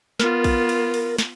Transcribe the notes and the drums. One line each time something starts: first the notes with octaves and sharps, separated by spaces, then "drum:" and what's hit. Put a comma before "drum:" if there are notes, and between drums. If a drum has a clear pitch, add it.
B3 F4 A#4, drum: snare
drum: kick, cymbal
drum: cymbal
drum: cymbal
drum: snare